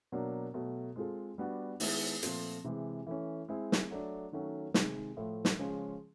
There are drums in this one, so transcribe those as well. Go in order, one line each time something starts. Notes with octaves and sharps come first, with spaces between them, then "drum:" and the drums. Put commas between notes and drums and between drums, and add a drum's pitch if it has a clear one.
B2 F#3 A#3 D4
B2 F#3 A3
G#3 C4 F4 A4
G3 B3 D4 F#4
D#3 G#3 B3 E4, drum: open hi-hat
A#2 F3 A3 C4 F4, drum: hi-hat
C3 E3 G#3
E3 A3 C#4
G#3 C4 E4 G#4
drum: snare
F#3 A3 D4
D#3 F#3 A3 C#4 F#4
C3 D#3 G#3, drum: snare
A2 F3 A3
drum: snare
C#3 F3 G#3 C#4